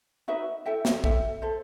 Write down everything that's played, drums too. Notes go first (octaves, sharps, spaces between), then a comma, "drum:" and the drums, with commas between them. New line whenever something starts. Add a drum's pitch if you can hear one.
D#4 F#4 B4 E5
E4 A4 E5 G5
drum: snare
E4 A4 E5 G5, drum: kick
A4 C5 E5